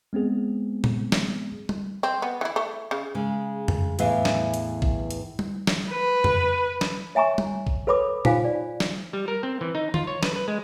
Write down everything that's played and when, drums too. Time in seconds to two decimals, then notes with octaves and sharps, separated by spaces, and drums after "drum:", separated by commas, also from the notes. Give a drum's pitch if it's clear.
0.13 G#3 B3 C4 G#4
0.84 drum: tom A#2
1.12 drum: snare
1.69 drum: tom G3
2.03 C4
2.22 B3
2.41 E3 E4
2.56 A3
2.91 C#3
3.15 C#3 G#3
3.68 drum: tom F2
3.99 E2 A2 E3 E5 F5 G#5, drum: hi-hat
4.25 drum: snare
4.54 drum: hi-hat
4.82 drum: kick A1
5.11 drum: hi-hat
5.39 drum: tom G3
5.67 drum: snare
5.89 B4
6.24 drum: tom F2
6.81 drum: snare
7.15 C#5 E5 G#5 A#5 C#6
7.38 drum: tom G3
7.67 drum: kick A1
7.87 A4 B4 C#5 B5 D6 D#6
8.25 D#4 F4 C5 F5 G#5, drum: tom A#2
8.45 D5
8.80 drum: snare
9.13 G3
9.28 A#4
9.43 C4
9.61 E3
9.75 D#4
9.94 F4, drum: tom D#3
10.07 C#5
10.23 B4, drum: snare
10.36 B4
10.48 G#3